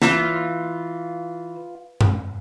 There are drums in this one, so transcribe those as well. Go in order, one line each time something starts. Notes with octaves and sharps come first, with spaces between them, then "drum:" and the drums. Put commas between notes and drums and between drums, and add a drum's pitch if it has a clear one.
E3 F4, drum: snare
drum: tom F#2